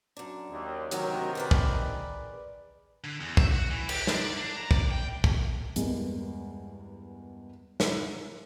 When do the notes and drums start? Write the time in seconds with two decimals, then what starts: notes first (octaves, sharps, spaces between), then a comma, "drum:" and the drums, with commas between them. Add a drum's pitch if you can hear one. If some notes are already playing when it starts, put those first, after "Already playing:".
0.17 F#2 D4
0.50 D#2
0.91 D2 C3 D#3 F#3 A#4, drum: hi-hat
1.35 G#4 B4 D5
1.51 drum: kick
3.04 D3
3.20 E2
3.37 E5, drum: kick
3.51 F#4
3.71 E3
3.89 G4, drum: cymbal
4.07 D4, drum: snare
4.21 D5
4.37 D4
4.56 A#5
4.71 D5, drum: kick
4.91 G5
5.24 drum: kick
5.76 E2 G2 G#3 A#3, drum: hi-hat
7.80 drum: snare